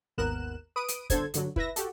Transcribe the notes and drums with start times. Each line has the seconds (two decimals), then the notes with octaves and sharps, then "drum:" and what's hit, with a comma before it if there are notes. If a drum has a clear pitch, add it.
0.18 G#1 D#2 B3 A#4 F#6 E7
0.76 B4 D#6 D7 D#7
0.88 drum: hi-hat
1.10 G1 D3 A4 C5 G#6, drum: kick, hi-hat
1.34 G2 D3 F#3, drum: hi-hat
1.56 E4 B4 E5 A#6, drum: kick
1.76 F#4 G4 A4, drum: hi-hat